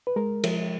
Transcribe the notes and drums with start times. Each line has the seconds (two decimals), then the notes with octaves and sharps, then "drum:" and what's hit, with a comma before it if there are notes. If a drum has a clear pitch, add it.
0.07 B4
0.16 G#3 A#4
0.44 F3, drum: cymbal